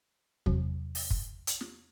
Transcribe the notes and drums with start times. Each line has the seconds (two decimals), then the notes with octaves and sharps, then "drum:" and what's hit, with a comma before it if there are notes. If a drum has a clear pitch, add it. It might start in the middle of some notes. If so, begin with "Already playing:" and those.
0.46 E2 C3 F#3, drum: kick
0.95 drum: open hi-hat
1.10 drum: kick
1.47 drum: hi-hat
1.61 drum: snare